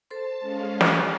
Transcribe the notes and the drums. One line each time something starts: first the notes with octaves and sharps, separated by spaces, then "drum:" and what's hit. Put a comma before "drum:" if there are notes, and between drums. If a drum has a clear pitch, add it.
A4 C5 A5 C6
G#3 C#4 F5
G4, drum: snare